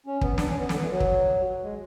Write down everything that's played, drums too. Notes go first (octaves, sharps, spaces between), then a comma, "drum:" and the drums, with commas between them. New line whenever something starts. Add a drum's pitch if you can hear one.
C#4
B3, drum: kick
D4, drum: snare
C#4
B3
D3, drum: snare
E3
F#3
drum: kick
G#3